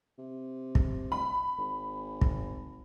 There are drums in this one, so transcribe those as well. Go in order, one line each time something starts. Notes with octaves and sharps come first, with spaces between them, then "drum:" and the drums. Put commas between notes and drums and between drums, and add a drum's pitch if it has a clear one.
C3
drum: kick
B5
G#1
drum: kick